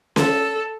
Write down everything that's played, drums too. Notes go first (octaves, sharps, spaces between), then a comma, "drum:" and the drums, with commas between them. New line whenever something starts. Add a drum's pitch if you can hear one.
A4, drum: snare C#4